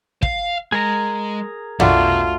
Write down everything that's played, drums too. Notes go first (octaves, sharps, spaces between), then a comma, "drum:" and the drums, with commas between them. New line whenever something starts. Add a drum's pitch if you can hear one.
F5, drum: kick
G#3 G#4 A#4 A#5
B2 A3 D4 F4 F#4, drum: tom